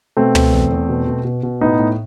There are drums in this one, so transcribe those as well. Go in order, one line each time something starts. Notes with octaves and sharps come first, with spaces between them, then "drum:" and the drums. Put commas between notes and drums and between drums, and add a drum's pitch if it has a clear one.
B2 A3 C4
B2, drum: tom
E2
E2
B2
B2
B2
B2
A2 B3 D#4
A2